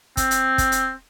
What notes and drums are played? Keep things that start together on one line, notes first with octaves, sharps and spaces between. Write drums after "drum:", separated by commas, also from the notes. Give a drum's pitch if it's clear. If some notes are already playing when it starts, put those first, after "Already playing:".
C4, drum: kick, hi-hat
drum: hi-hat
drum: kick, hi-hat
drum: hi-hat